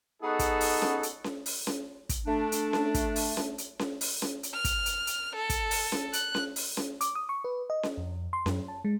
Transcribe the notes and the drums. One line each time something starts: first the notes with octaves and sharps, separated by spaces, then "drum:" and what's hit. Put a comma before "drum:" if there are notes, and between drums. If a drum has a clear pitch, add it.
B3 D#4 F#4 G#4 A4
drum: kick, hi-hat
drum: open hi-hat
drum: snare C#4
drum: hi-hat
drum: snare C#4
drum: open hi-hat
drum: snare C#4
drum: kick, hi-hat
A3 D4
drum: hi-hat
drum: snare C#4
drum: kick, hi-hat
drum: open hi-hat
drum: snare C#4
drum: hi-hat
drum: snare C#4
drum: open hi-hat
drum: snare C#4
drum: hi-hat
F6
drum: kick, hi-hat
drum: hi-hat
drum: hi-hat
A4
drum: kick, hi-hat
drum: open hi-hat
drum: snare C#4
F#6, drum: hi-hat
drum: snare C#4
drum: open hi-hat
drum: snare C#4
D6, drum: hi-hat
D#6
C#6
B4
D#5
drum: snare C#4
F2
C6
F#2, drum: snare C#4
A5
G#3